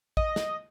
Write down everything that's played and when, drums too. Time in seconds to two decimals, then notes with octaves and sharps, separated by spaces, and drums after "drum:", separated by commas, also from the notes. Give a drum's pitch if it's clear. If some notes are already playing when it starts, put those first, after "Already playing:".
0.17 D#5, drum: kick
0.36 drum: snare